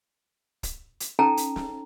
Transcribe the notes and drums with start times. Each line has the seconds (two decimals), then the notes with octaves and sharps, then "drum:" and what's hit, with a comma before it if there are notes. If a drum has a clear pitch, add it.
0.63 drum: kick, hi-hat
1.00 drum: hi-hat
1.19 C#4 D#4 A4 G5 A5 A#5
1.37 drum: hi-hat
1.56 drum: snare